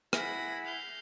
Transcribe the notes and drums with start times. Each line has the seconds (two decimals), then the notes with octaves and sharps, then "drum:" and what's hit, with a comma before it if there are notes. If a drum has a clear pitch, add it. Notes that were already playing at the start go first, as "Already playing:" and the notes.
0.13 E4 G#4 F#5 B5 A#6, drum: rim click
0.64 F5 G6